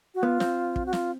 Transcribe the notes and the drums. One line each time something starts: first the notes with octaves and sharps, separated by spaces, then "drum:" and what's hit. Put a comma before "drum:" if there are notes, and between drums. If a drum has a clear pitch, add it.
F#4
B3 F4
C4, drum: snare
drum: kick
F#4
F4, drum: snare